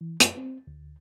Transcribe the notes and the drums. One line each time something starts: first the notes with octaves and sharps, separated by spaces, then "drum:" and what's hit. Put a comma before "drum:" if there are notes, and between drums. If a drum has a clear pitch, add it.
E3
F#2, drum: hi-hat
C4
D2